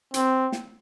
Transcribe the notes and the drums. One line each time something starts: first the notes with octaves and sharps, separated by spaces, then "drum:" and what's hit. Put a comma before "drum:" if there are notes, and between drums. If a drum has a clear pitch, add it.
C4, drum: hi-hat
drum: snare